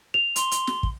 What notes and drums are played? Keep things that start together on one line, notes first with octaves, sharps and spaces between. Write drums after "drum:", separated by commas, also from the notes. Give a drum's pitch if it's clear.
F7
C6, drum: hi-hat
drum: hi-hat
drum: snare
drum: kick